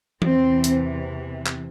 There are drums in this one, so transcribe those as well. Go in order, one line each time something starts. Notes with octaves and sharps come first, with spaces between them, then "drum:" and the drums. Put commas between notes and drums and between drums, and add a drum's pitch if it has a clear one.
E2 C3 E3 C4, drum: tom E3
drum: hi-hat
drum: clap